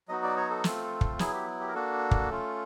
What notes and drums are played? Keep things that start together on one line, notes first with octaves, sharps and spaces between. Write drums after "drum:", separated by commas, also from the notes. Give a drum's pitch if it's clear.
F#3 B3 D#4 F#4 D#5
D5
C#5
A4
A3 C4 F4, drum: snare
drum: kick
F#3 B3 E4 G#4, drum: snare
G4
G4
A#4
A#3 D4 F#4 A4
drum: kick
A3 C#4 F4